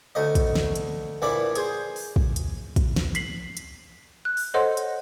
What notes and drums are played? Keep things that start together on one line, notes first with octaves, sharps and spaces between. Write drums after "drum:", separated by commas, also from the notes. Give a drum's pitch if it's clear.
D2 A3 D#5
drum: kick, hi-hat
drum: snare
drum: hi-hat
A#1 E3 E4 D5 B5
G#4 C5, drum: hi-hat
drum: open hi-hat
drum: kick
drum: hi-hat
drum: kick, hi-hat
drum: snare
B6 C7 F#7, drum: hi-hat
drum: hi-hat
F#6
drum: open hi-hat
A4 C5 C#5 D#5 F#5 C6
drum: hi-hat